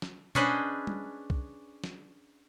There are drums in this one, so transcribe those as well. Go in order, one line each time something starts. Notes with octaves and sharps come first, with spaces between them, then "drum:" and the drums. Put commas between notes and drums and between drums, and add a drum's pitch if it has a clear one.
drum: snare
C#4 D4 G#4 B4 C5 D#5, drum: tom B2
drum: tom G3
drum: kick
drum: snare